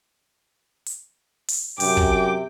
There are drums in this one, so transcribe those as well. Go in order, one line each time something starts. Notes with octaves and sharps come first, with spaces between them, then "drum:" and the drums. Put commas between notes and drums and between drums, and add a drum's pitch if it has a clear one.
drum: hi-hat
drum: open hi-hat
F#2 C3 G5 D6, drum: open hi-hat
drum: kick